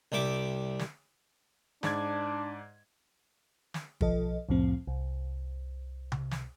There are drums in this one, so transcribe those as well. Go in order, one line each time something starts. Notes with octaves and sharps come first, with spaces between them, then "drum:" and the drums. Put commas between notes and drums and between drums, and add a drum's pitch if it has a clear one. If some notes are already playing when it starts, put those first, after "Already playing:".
C2 G3 E5 D6
drum: snare
G#2 D4 D5 G#6, drum: snare
drum: snare
B1 F3 A4 D#5, drum: kick
C2 F2 A2 F3 C4
C2
drum: tom C3
drum: snare